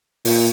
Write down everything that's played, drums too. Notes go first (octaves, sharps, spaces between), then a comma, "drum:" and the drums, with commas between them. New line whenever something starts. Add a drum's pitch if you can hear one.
A#2, drum: open hi-hat